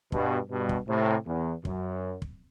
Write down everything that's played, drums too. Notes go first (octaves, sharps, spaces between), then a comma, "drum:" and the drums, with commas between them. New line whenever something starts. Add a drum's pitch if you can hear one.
G2 B2, drum: kick
G2 B2
drum: kick
A2 C3
E2
F#2, drum: kick
drum: kick